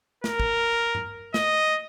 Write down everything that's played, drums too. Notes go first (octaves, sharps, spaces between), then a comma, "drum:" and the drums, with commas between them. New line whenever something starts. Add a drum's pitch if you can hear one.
A#4, drum: snare
drum: kick
drum: tom
D#5, drum: snare